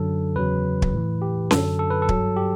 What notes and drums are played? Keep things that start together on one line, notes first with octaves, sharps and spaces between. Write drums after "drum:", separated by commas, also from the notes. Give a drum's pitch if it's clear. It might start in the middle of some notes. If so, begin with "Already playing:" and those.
Already playing: F#2 D3 F#3 A4
E2 C#3 F#3 B4
drum: kick
A2 E3
G4
F#2 D3 F#3 A4, drum: snare C#4
A4
B4
A4
G2 F#3, drum: kick
G4